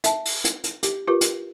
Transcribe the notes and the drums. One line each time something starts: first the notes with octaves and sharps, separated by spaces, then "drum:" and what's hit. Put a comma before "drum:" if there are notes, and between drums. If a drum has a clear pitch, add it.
E5 A5, drum: hi-hat
drum: open hi-hat
drum: hi-hat
drum: hi-hat
G4, drum: hi-hat
F4 G4 A#4 B4
drum: hi-hat